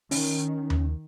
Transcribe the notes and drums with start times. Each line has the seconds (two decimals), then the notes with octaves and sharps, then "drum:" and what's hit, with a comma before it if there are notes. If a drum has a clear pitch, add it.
0.11 D#3 C#4, drum: open hi-hat
0.70 drum: tom D#2